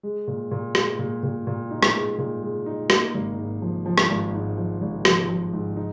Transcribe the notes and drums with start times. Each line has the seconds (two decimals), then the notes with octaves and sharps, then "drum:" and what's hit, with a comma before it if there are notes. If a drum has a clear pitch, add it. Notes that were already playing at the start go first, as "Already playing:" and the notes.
0.03 G#3
0.28 A#2
0.51 A#2
0.75 G#3, drum: rim click
0.99 A#2
1.23 A#2
1.47 A#2
1.71 D#4
1.83 drum: rim click
1.94 G#3
2.18 A#2
2.42 G#3
2.66 D#4
2.90 A#3, drum: rim click
3.14 G#1
3.37 G#2
3.62 F3
3.86 F3
3.98 drum: rim click
4.09 G#1
4.33 G#2
4.57 F3
4.81 G#1
5.05 F3, drum: rim click
5.29 F3
5.53 G#2
5.77 D#4